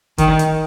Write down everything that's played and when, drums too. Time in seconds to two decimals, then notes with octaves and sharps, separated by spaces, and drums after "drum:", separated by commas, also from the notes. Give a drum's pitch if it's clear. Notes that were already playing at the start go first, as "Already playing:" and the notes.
0.18 D#3, drum: kick F#1, hi-hat
0.39 drum: hi-hat